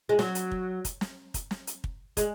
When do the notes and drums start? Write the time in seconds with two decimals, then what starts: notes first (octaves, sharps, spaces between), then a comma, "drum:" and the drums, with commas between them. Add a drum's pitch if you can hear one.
0.09 G#3
0.19 F#3, drum: snare
0.35 drum: hi-hat
0.52 drum: kick
0.85 drum: kick, hi-hat
1.01 drum: snare
1.34 drum: kick, hi-hat
1.51 drum: snare
1.67 drum: hi-hat
1.84 drum: kick
2.17 G#3, drum: kick, hi-hat